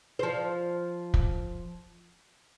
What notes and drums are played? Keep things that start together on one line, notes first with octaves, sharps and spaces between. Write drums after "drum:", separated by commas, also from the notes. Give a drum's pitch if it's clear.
F3 C5
drum: kick